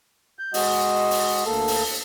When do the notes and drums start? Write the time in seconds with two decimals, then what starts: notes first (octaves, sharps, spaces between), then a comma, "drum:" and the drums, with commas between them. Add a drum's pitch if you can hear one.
0.39 G6
0.54 G#3 F#4 D#5, drum: open hi-hat
1.11 drum: open hi-hat
1.45 D2 A#3 A4
1.68 drum: open hi-hat